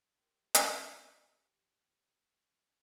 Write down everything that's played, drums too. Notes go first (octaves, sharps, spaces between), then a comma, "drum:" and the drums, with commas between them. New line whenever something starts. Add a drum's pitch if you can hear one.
G4 A#4 C5 E5 G5
drum: hi-hat
D#4 B5 C#6
F5 F6